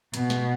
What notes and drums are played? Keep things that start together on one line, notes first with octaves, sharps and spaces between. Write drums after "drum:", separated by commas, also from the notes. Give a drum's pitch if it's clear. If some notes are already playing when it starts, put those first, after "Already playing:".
B2, drum: hi-hat
drum: snare